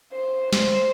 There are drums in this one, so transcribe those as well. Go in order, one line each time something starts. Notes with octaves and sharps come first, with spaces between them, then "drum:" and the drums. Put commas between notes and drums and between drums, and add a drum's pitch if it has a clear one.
C5
C5, drum: snare